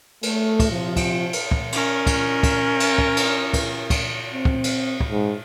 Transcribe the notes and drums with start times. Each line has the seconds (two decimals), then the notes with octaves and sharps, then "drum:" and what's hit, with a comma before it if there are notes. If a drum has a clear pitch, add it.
0.23 A3, drum: cymbal
0.60 drum: kick, cymbal
0.70 C3 F3
0.96 drum: kick, cymbal
1.33 drum: cymbal
1.51 drum: kick
1.72 C#4 A#4, drum: cymbal
2.07 drum: kick, cymbal
2.43 drum: kick, cymbal
2.80 drum: cymbal
2.98 drum: kick
3.17 drum: cymbal
3.53 drum: kick, cymbal
3.90 drum: kick, cymbal
4.33 C4
4.45 drum: kick
4.64 drum: cymbal
5.00 drum: kick
5.11 G#2